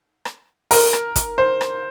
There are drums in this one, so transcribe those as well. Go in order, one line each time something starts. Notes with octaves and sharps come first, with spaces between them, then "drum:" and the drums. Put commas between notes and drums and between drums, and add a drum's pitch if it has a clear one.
drum: rim click
A#4, drum: open hi-hat
drum: rim click
drum: kick, hi-hat
C5
drum: rim click